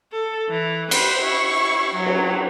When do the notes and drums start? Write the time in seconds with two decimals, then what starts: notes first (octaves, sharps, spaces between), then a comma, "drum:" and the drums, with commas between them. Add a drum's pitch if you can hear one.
0.12 A4
0.49 E3
0.91 B4 C5, drum: cymbal
1.22 E4 C#6
1.94 F#3
2.06 drum: cymbal